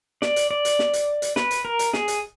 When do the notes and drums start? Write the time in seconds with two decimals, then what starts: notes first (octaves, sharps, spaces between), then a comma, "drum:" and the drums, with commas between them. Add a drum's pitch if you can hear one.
0.22 D5, drum: snare
0.36 drum: hi-hat
0.51 D5
0.65 drum: hi-hat
0.79 drum: snare
0.93 drum: hi-hat
1.22 drum: hi-hat
1.36 B4, drum: snare
1.51 drum: hi-hat
1.65 A#4
1.79 drum: hi-hat
1.93 G#4, drum: snare
2.08 drum: hi-hat